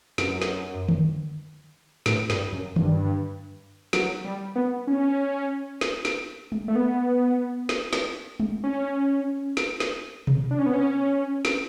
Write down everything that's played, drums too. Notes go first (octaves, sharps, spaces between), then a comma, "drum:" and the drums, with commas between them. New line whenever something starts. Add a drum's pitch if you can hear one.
F#2, drum: snare
drum: snare
drum: tom D3
A2, drum: snare
G2, drum: snare
F#2
G2, drum: tom D3
F#3, drum: snare
G3
B3
C#4
drum: snare
drum: snare
drum: tom
A3
B3
drum: snare
drum: snare
drum: tom
C#4
drum: snare
drum: snare
drum: tom B2
D4
C#4
B3
C#4
drum: snare